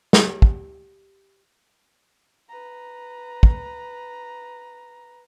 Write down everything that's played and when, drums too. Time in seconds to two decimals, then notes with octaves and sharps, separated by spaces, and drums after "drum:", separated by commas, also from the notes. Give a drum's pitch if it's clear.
0.13 G4, drum: snare
0.42 drum: kick
2.49 B4 A#5
3.43 drum: kick